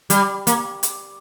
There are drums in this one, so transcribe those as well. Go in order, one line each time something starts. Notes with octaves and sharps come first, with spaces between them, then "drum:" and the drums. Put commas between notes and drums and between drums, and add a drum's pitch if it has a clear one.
G3, drum: hi-hat
A#3, drum: hi-hat
drum: hi-hat